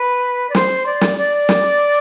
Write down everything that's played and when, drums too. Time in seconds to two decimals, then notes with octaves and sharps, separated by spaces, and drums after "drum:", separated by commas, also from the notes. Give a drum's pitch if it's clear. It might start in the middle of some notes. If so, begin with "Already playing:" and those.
Already playing: B4
0.49 D5
0.55 C5, drum: snare
0.86 D5
1.01 drum: snare
1.17 D5
1.49 drum: snare